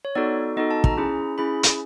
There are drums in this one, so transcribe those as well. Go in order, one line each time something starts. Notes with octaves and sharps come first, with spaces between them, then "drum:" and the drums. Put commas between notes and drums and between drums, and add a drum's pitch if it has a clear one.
C#5
B3 D#4 F#4 A4 D5
B3 D#4 F#4 A4 D#5
A5
A#5, drum: kick
C#4 E4 G#4
C#4 E4 G#4 B5
drum: hi-hat